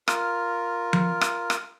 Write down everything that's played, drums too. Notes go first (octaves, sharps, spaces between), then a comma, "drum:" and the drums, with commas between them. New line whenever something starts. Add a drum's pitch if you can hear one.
F4 A#4, drum: rim click
drum: tom F3
drum: rim click
drum: rim click